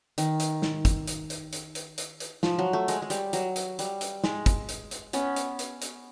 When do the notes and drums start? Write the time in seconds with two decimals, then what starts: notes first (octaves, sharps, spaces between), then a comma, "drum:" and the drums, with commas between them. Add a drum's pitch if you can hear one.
0.18 D#3, drum: hi-hat
0.40 drum: hi-hat
0.62 drum: snare
0.85 drum: kick, hi-hat
1.07 drum: hi-hat
1.30 drum: hi-hat
1.53 drum: hi-hat
1.75 drum: hi-hat
1.98 drum: hi-hat
2.20 drum: hi-hat
2.43 F3, drum: snare
2.59 F#3
2.73 A3
2.88 G#3, drum: hi-hat
3.02 G#3
3.10 G3, drum: hi-hat
3.33 F#3, drum: hi-hat
3.56 drum: hi-hat
3.79 G3, drum: hi-hat
4.01 drum: hi-hat
4.24 G#3, drum: snare
4.46 drum: kick, hi-hat
4.69 drum: hi-hat
4.91 drum: hi-hat
5.13 B3 C#4, drum: hi-hat
5.36 drum: hi-hat
5.59 drum: hi-hat
5.82 drum: hi-hat